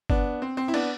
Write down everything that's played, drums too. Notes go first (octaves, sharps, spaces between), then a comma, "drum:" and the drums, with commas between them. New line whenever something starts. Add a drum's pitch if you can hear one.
B3 D4, drum: kick G1
C4
C4
E4
B3 D4, drum: cymbal